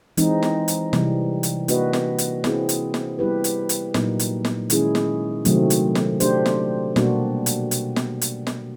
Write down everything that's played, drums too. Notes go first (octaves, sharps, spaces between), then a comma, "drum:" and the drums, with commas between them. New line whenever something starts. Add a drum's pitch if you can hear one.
E3 G#3 C4 D#4, drum: hi-hat
drum: snare
drum: hi-hat
C3 E3 G3, drum: snare
drum: hi-hat
A#3 D4 F#4 B4 D#5, drum: hi-hat
drum: snare
drum: hi-hat
C4 E4 G#4, drum: snare
drum: hi-hat
drum: snare
G3 B3 E4 G4 B4
drum: hi-hat
drum: hi-hat
A#2 F#3 A#3 D#4, drum: snare
drum: hi-hat
drum: snare
D#3 G#3 C#4 E4 G#4, drum: hi-hat
drum: snare
C3 D#3 F#3 A3 C4, drum: hi-hat
drum: hi-hat
drum: snare
A3 D4 G4 C5, drum: hi-hat
drum: snare
B2 G3 A#3 D4 F#4, drum: snare
drum: hi-hat
drum: hi-hat
drum: snare
drum: hi-hat
drum: snare